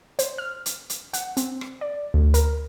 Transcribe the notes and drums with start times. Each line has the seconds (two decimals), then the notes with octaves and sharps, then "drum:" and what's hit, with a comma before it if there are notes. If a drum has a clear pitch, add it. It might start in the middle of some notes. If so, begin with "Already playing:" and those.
0.19 C5, drum: hi-hat
0.38 F6
0.66 drum: hi-hat
0.90 drum: hi-hat
1.13 F#5, drum: hi-hat
1.37 C4, drum: hi-hat
1.61 drum: rim click
1.81 D5
2.14 D2
2.34 A#4, drum: hi-hat